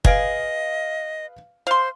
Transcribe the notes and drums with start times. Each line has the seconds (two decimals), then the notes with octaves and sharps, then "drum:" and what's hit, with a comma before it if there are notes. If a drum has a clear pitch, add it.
0.05 G#4 B4 D#5 F5 D7, drum: kick
1.67 C5 F5 C6